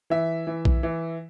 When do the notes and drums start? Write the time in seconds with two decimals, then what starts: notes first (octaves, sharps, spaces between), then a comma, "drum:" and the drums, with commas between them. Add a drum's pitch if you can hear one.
0.10 E3 E5
0.47 E3
0.65 drum: kick B1
0.83 E3